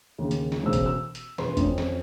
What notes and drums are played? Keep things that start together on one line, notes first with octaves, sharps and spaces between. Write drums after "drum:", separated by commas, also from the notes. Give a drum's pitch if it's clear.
D#2 C#3
drum: hi-hat
drum: snare
E1 B1 C#3 C5 E6
drum: kick, hi-hat
E6
drum: hi-hat
E1 B4 C6, drum: snare
F2 C4 C#4, drum: kick, hi-hat
drum: snare